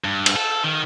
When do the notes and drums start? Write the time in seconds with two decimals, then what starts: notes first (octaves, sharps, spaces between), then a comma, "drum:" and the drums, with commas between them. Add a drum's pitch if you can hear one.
0.04 G2
0.26 drum: cymbal
0.36 A4
0.64 D#3